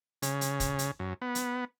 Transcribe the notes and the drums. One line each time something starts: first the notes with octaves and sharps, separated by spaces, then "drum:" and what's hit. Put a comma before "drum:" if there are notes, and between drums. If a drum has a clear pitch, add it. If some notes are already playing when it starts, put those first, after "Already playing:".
C#3, drum: hi-hat
drum: hi-hat
drum: kick, hi-hat
drum: hi-hat
F#2
B3
drum: hi-hat